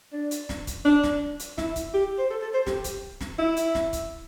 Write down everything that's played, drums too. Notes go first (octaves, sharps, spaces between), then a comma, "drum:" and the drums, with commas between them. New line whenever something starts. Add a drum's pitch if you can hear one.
D4
drum: hi-hat
drum: snare
drum: kick, hi-hat
D4
drum: snare
drum: hi-hat
E4, drum: snare
drum: kick, hi-hat
G4
C5
A4
A4
C5
G4, drum: snare
drum: kick, hi-hat
drum: snare
E4
drum: hi-hat
drum: snare
drum: kick, hi-hat